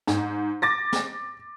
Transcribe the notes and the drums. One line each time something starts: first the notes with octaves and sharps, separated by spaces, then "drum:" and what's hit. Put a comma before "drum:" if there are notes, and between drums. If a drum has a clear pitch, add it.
G#2, drum: snare
D6 A6 A#6
drum: snare